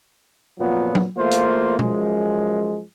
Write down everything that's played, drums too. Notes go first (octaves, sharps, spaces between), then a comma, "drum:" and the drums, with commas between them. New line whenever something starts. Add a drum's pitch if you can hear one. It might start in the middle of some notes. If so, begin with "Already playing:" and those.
F2 A#2 F3 F#3 B3
drum: tom
E2 A3 A#3 F4 C5
drum: hi-hat
F#2 F3 G#3, drum: tom